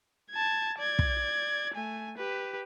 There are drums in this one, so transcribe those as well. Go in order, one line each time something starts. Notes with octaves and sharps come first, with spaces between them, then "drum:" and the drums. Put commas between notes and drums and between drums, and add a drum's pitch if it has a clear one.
A5 G#6
D5 G#6
drum: kick
A3 G#5
G4 B4